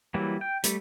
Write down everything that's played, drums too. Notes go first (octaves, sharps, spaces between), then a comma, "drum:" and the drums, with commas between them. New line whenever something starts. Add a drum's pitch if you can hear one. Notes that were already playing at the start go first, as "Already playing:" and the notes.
E3 F#3 G3 A#3 E4
G5
G3 A3, drum: hi-hat